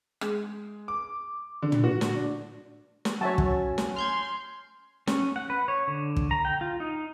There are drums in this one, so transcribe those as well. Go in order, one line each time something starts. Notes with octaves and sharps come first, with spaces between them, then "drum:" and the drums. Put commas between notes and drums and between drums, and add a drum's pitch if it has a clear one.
G#3, drum: rim click
D6
D3
drum: tom
F#4
drum: snare
D4
drum: snare
F#3 C#4 C#5 E5 A5
drum: kick
drum: snare
C6 F6 G6 G#6
C#4, drum: snare
F#5
B4
C#5
D3
drum: kick
A#5
G5
F4
D#4